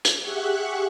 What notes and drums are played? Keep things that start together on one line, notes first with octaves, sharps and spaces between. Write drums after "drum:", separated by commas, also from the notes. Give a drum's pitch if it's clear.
drum: hi-hat
G4 G#4 E5 F#5 C#6 F#6